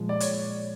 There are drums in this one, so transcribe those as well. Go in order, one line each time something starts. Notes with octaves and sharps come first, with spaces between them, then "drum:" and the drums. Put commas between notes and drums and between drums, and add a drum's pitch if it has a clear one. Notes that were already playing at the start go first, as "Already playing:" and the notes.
Already playing: A#2 F3 G#3
D5
C#5, drum: hi-hat